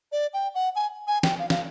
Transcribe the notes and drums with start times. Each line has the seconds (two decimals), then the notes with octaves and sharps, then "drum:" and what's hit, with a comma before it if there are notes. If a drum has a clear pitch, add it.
0.12 D5
0.34 G5
0.55 F#5
0.76 G#5
1.07 G#5
1.23 G5, drum: snare
1.39 F5
1.50 F5, drum: snare